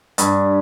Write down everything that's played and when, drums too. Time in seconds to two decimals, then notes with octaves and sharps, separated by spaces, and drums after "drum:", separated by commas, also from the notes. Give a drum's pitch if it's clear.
0.18 G2, drum: hi-hat